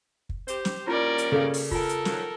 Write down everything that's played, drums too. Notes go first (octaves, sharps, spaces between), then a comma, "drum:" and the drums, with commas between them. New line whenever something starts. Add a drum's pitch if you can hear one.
drum: kick
G4 C5, drum: hi-hat
drum: snare
G3 A#3 C#4 E4 F4 A#4 C#5 D5
drum: hi-hat
C#3 A4 F5
drum: open hi-hat
F4 A4 A#4 G#5, drum: kick
drum: hi-hat
D#3 F3 F#3, drum: snare